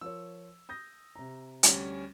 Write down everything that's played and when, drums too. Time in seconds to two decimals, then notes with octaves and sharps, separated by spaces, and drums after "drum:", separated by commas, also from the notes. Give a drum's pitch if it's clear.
0.01 F3 A#4 C#5 E6
0.69 D#6 G6 A#6
1.16 C3 A#5
1.63 D2 G3 C#4, drum: hi-hat